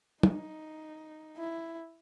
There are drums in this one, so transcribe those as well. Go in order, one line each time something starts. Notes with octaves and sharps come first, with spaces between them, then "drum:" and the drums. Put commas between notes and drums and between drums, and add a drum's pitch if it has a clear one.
D#4, drum: tom
E4